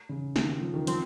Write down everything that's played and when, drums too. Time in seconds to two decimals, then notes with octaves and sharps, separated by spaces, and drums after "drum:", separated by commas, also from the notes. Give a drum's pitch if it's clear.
0.09 C#3
0.36 D#3, drum: snare
0.61 F3
0.74 D#3
0.87 F3 C4, drum: hi-hat